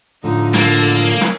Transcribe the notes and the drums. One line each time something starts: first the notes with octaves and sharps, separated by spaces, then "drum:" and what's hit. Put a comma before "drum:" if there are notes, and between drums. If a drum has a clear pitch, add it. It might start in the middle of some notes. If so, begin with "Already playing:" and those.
A2 D3 F3 D#4
A#3 A4 E6 A6, drum: snare
F#3 G#4 A#4
drum: snare